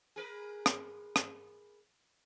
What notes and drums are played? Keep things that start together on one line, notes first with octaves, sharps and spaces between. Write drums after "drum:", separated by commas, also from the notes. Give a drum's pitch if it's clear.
G#4 A#4 B4
drum: rim click
drum: rim click